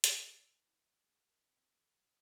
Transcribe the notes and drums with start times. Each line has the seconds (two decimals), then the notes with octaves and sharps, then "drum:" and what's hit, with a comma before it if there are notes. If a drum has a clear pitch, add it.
0.04 D#4, drum: hi-hat
0.40 E6
0.54 E3
0.67 E4
0.81 D5
1.04 G#4
1.25 A#4
1.45 C4
1.73 A4
1.94 F#3
2.08 D#6